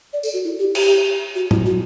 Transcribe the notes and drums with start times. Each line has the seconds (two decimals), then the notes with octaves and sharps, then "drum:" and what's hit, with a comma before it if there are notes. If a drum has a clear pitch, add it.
0.13 D5
0.23 A4, drum: tambourine
0.34 F#4
0.45 E4
0.59 G4
0.75 G4, drum: cymbal
1.35 F#4
1.51 E4, drum: tom A2
1.66 F#4